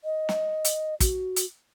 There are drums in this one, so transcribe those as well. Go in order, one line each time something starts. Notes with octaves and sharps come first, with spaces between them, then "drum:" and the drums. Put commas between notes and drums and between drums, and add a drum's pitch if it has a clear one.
D#5
drum: snare
drum: hi-hat
F#4, drum: kick, hi-hat
drum: hi-hat